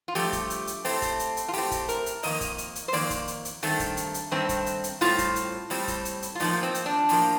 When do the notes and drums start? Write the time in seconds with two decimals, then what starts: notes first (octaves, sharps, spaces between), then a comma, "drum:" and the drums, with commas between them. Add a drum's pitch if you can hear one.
0.08 F4
0.15 G2 F3 A3 G4, drum: open hi-hat
0.33 drum: kick, hi-hat
0.50 drum: hi-hat
0.67 drum: hi-hat
0.85 A2 A3 C4, drum: open hi-hat
1.02 drum: kick, hi-hat
1.19 drum: hi-hat
1.37 drum: hi-hat
1.48 F4
1.53 A2 A3 C4 G4, drum: open hi-hat
1.71 drum: kick, hi-hat
1.89 A#4, drum: hi-hat
2.06 drum: hi-hat
2.23 F2 D#3 A#3 D#5, drum: open hi-hat
2.41 drum: kick, hi-hat
2.58 drum: hi-hat
2.75 drum: hi-hat
2.88 C5
2.93 F2 D#3 A#3 D5, drum: open hi-hat
3.10 drum: kick, hi-hat
3.28 drum: hi-hat
3.45 drum: hi-hat
3.62 G2 D#3 A3 C4, drum: open hi-hat
3.80 drum: kick, hi-hat
3.97 drum: hi-hat
4.14 drum: hi-hat
4.31 G2 D#3 A3 C4
4.49 drum: kick, hi-hat
4.66 drum: hi-hat
4.84 drum: hi-hat
5.01 A2 G3 C4 F4, drum: open hi-hat
5.18 drum: kick, hi-hat
5.36 drum: hi-hat
5.70 A2 G3 C4, drum: open hi-hat
5.88 drum: kick, hi-hat
6.05 drum: hi-hat
6.22 drum: hi-hat
6.35 F4
6.40 A2 F3 A#3 D#4, drum: open hi-hat
6.63 C4
6.74 drum: hi-hat
6.86 D4
7.09 A2 F3 A#3, drum: open hi-hat